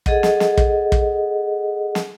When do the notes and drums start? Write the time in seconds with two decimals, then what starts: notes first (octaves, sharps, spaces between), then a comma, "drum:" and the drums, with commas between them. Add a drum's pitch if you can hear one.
0.06 G#4 A4 D#5 F#5, drum: kick
0.23 drum: snare
0.40 drum: snare
0.57 drum: kick
0.92 drum: kick
1.95 drum: snare